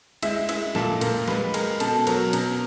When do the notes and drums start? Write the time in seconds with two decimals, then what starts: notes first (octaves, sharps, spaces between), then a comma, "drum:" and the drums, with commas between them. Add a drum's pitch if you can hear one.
0.23 G#3 E4 E5, drum: cymbal
0.49 G#3 E4 E5, drum: cymbal
0.75 A#2 A4 A5, drum: snare
1.01 A#2 A#4 A#5, drum: cymbal
1.28 G#3 B4 B5, drum: snare
1.54 G#3 A#4 A#5, drum: cymbal
1.80 B2 A4 A5, drum: cymbal
2.07 F#3 A#4 A#5, drum: cymbal
2.33 B2 A#4 A#5, drum: cymbal